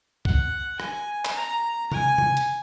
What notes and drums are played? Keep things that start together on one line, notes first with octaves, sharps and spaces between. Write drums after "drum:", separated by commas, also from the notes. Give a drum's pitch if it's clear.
F#5, drum: kick C2
G#5, drum: rim click
drum: clap
A#5
G#5, drum: tom C3
drum: tom C3
drum: hi-hat